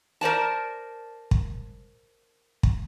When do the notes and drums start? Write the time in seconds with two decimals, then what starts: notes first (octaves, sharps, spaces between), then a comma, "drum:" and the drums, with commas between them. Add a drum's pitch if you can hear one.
0.21 A#4 C5 D5 A5
1.31 drum: kick
2.63 drum: kick